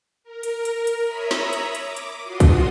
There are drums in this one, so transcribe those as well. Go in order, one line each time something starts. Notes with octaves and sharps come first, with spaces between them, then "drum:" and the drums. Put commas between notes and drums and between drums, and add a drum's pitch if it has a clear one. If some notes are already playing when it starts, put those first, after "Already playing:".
A#4
drum: hi-hat
drum: hi-hat
drum: hi-hat
C#5 E5 A#5 B5 D#6
drum: snare
drum: hi-hat
D6, drum: hi-hat
drum: hi-hat
F4 F#4 C6 D#6
drum: kick, hi-hat